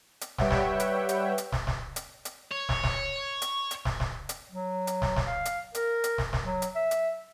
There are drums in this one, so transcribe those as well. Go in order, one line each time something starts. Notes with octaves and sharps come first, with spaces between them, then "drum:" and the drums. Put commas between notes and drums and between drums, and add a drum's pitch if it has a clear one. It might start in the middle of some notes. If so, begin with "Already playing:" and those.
drum: hi-hat
G3 B4 C#5 E5 F#5 G5, drum: snare
drum: snare
drum: hi-hat
drum: hi-hat
drum: hi-hat
drum: snare
drum: snare
drum: hi-hat
drum: hi-hat
C#5
drum: snare
drum: snare
drum: hi-hat
drum: hi-hat
drum: snare
drum: snare
drum: hi-hat
F#3
drum: hi-hat
drum: snare
drum: snare
F5
drum: hi-hat
A#4, drum: hi-hat
drum: hi-hat
drum: snare
drum: snare
F#3
drum: hi-hat
E5
drum: hi-hat